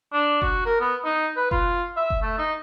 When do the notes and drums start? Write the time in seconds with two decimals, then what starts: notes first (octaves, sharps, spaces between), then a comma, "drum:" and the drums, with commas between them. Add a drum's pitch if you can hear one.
0.13 D4
0.42 F#4, drum: kick F#1
0.66 A#4
0.80 B3
1.04 D#4
1.37 B4
1.51 F4, drum: kick F#1
1.96 E5
2.10 drum: kick F#1
2.22 A3
2.38 D#4